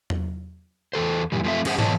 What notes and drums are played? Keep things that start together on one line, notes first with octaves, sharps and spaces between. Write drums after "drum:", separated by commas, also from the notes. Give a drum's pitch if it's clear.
drum: tom E2
E2 D#3 A4 C5
F#2 A#2 E3 G3
F#2 F3 A3 C4 E5
G2 C#4 G#4 C5 E5 F#5, drum: cymbal
B2 D#3 E3 C#5 D#5 A5, drum: tom